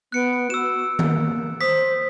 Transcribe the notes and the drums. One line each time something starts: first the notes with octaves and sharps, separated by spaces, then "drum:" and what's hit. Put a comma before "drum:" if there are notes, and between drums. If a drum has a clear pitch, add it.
B3 F#6 C#7 D7
F#4 E6 E7
A#3, drum: tom D#3
C5 D#6 B6